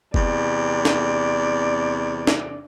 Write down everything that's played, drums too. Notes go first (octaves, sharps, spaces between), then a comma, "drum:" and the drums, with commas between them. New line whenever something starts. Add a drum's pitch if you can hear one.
E2 C3 D5, drum: kick
drum: snare
drum: snare